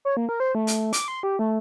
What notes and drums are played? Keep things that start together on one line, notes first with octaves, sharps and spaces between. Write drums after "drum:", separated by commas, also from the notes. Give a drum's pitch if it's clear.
C#5
A#3
A#4
C5
A3
drum: hi-hat
D6, drum: hi-hat
C6
G4
A3